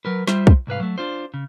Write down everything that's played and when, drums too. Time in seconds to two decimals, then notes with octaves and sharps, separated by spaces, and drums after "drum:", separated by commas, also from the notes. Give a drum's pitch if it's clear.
0.05 F#3 A#4 B4
0.27 G3 F4 C5 E5, drum: snare
0.47 drum: kick
0.67 C2 G#2 B4 F5
0.80 F#3 A3
0.98 D4 F4 C5
1.34 C#3